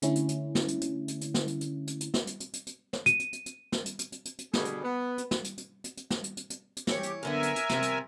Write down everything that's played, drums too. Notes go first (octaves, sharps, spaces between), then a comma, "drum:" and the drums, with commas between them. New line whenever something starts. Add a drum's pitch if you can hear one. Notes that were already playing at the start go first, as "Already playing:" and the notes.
D3 A3 C#4 E4, drum: hi-hat
drum: hi-hat
drum: hi-hat
drum: snare
drum: hi-hat
drum: hi-hat
drum: hi-hat
drum: hi-hat
drum: snare
drum: hi-hat
drum: hi-hat
drum: hi-hat
drum: hi-hat
drum: snare
drum: hi-hat
drum: hi-hat
drum: hi-hat
drum: hi-hat
drum: snare
D#7, drum: hi-hat
drum: hi-hat
drum: hi-hat
drum: hi-hat
drum: snare
drum: hi-hat
drum: hi-hat
drum: hi-hat
drum: hi-hat
drum: hi-hat
B2 D3 G3 G#3 G#4, drum: snare
drum: hi-hat
B3
drum: hi-hat
drum: snare
drum: hi-hat
drum: hi-hat
drum: hi-hat
drum: hi-hat
drum: snare
drum: hi-hat
drum: hi-hat
drum: hi-hat
drum: hi-hat
E3 G4 C#5, drum: snare
drum: hi-hat
F#2 D3 B3 A#4 E5 G#5
drum: hi-hat
drum: hi-hat
C3 F3, drum: snare
drum: hi-hat